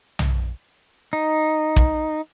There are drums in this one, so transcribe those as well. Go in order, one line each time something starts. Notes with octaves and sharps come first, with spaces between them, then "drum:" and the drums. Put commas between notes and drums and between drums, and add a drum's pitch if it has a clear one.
drum: tom B1
D#4
drum: kick